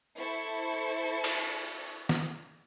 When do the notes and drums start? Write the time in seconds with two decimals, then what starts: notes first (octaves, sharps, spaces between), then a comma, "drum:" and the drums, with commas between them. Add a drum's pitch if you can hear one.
0.18 E4 A4 C5 A5 C#6 C#7
1.24 drum: cymbal
2.09 drum: snare